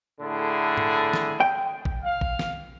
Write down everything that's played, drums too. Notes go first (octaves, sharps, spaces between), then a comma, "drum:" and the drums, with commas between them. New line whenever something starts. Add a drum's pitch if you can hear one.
A2 D3 G#4
drum: tom G#2
drum: snare
G5
drum: kick A1
F5
drum: kick A1
drum: snare